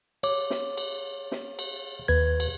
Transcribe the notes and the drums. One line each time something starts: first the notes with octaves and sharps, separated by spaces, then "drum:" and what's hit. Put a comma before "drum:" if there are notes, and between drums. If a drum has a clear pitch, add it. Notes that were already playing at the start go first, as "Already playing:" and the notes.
C#5 D6, drum: cymbal
drum: snare
drum: cymbal
drum: snare
drum: cymbal
D#2 B4 G#6
drum: cymbal